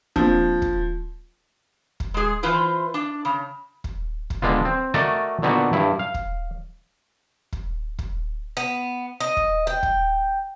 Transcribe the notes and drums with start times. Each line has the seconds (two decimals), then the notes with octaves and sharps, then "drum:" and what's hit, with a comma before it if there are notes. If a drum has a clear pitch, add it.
0.16 F3 A#3 C4 D4, drum: kick
0.62 drum: kick
2.00 drum: kick
2.14 G#3 G#4
2.43 E3 F4 B4 C5
2.94 D4
3.25 C#3
3.84 drum: kick
4.30 drum: kick
4.42 D3 G#3 B3 F4
4.65 C4
4.94 A3 F#4 A4 A#4 D5 D#5
5.42 A#2 D3 B3 D#4 F#4
5.73 G2 E4
5.99 F5
6.14 drum: kick
7.52 drum: kick
7.99 drum: kick
8.57 B3
9.21 D#5
9.37 drum: kick
9.67 G5
9.83 drum: kick